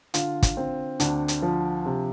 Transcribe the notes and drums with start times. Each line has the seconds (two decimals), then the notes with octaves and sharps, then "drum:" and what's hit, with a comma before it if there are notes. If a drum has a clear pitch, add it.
0.14 D3 F4, drum: hi-hat
0.43 drum: kick, hi-hat
0.57 C4
1.00 D2 D4, drum: hi-hat
1.28 drum: hi-hat
1.42 F3
1.86 C3